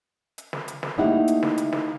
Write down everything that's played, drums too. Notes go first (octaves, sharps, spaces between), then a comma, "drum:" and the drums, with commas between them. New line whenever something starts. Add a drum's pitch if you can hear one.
drum: hi-hat
drum: snare
drum: hi-hat
drum: snare
A3 A#3 D#4 E4 G4 F#5
drum: hi-hat
drum: snare
drum: hi-hat
drum: snare